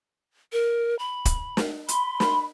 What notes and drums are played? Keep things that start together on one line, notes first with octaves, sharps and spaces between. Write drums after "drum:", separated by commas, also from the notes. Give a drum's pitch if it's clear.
A#4
B5
drum: kick, hi-hat
drum: snare
B5 C6, drum: hi-hat
drum: snare